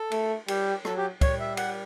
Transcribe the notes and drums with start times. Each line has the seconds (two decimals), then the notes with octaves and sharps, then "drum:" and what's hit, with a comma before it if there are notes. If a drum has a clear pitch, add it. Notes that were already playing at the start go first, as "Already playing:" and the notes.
Already playing: A4
0.12 A3, drum: cymbal
0.48 G3 G4, drum: cymbal
0.85 F#3 A4, drum: rim click
0.97 G4
1.21 G3 C#5, drum: kick, cymbal
1.40 E5
1.57 F#5, drum: cymbal